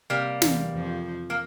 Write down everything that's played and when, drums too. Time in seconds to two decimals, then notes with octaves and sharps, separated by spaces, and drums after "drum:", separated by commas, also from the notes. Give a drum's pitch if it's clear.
0.10 C3 G3 A#3
0.42 E2 E3, drum: snare
0.73 F2 F3
1.30 A#3